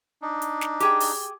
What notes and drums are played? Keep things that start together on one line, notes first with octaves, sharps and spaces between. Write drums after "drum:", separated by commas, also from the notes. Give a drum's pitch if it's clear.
D4 D#4
drum: hi-hat
drum: snare
G4 G#4 G5, drum: hi-hat
drum: open hi-hat